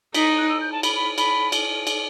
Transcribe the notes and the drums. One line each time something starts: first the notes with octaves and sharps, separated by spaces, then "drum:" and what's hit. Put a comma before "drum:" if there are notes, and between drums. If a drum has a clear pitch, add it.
D#4 B6, drum: cymbal
F#6
E6
G6
A5
B5, drum: cymbal
B5
B5, drum: cymbal
drum: cymbal
drum: cymbal